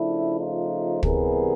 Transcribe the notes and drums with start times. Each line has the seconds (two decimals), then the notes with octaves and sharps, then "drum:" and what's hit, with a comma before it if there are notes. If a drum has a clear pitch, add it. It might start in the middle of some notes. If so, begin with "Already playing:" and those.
Already playing: C#3 F3 A3 D4 E4
0.38 D#4 F4
1.03 C3 E3 G3 B3 G#4 A#4, drum: kick